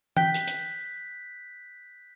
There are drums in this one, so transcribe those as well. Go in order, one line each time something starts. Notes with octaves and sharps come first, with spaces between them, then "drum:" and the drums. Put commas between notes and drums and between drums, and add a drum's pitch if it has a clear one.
G5 F#6 G6 B6, drum: tom E3
drum: hi-hat
drum: hi-hat